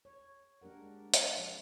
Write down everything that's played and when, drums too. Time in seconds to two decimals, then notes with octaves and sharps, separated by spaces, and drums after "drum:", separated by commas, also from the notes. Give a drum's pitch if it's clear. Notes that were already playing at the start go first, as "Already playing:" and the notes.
0.05 C#5
0.62 G#3 D4 G4 A#4 F#5
1.14 drum: hi-hat
1.38 F3